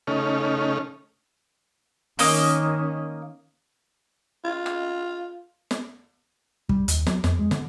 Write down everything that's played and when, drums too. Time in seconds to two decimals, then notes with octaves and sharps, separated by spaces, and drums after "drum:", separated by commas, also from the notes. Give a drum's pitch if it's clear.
0.07 C#3 A3 C#4 D#4 F6
2.19 D#3 A#3 C#4 D#5, drum: open hi-hat
4.44 F4
4.66 drum: rim click
5.71 drum: snare
6.69 G3, drum: kick
6.88 D#2, drum: hi-hat
7.07 F#3, drum: snare
7.24 F2, drum: snare
7.39 G#3
7.51 D3, drum: snare